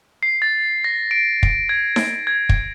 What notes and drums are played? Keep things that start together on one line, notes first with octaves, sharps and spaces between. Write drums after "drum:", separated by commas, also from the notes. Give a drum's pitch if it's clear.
C7
A6
A#6
D7
drum: kick
G#6
drum: snare D#4
G#6
drum: kick